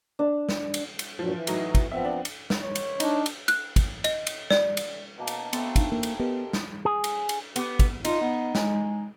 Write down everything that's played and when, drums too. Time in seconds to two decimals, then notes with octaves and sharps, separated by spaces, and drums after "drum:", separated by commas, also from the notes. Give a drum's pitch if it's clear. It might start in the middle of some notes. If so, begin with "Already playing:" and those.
0.19 D4
0.49 drum: snare
0.74 drum: cymbal
0.99 drum: cymbal
1.19 G2 A#2 F3 F#3
1.33 E3
1.47 A2 F#3 D#4, drum: cymbal
1.75 drum: kick, cymbal
1.92 F3 B3 C4 E5
2.05 D4
2.25 drum: cymbal
2.50 drum: snare
2.61 C#5
2.75 drum: cymbal
3.00 D4 D#4, drum: cymbal
3.26 drum: cymbal
3.48 F#6, drum: cymbal
3.76 drum: kick, cymbal
4.04 D#5, drum: cymbal
4.27 drum: cymbal
4.50 D5, drum: snare
4.77 drum: cymbal
5.18 B2 A#3 A5
5.27 drum: cymbal
5.53 A3 B3 C4 B5 A6, drum: cymbal
5.76 D4 D#4 F5, drum: kick, cymbal
5.92 A#3
6.03 drum: cymbal
6.20 B3 G4 A#4 D#5
6.53 drum: snare
6.85 G#4
7.04 drum: cymbal
7.29 drum: cymbal
7.56 B3 G4, drum: cymbal
7.79 drum: kick, cymbal
8.05 D#4 F4, drum: cymbal
8.21 B3
8.55 G#3, drum: snare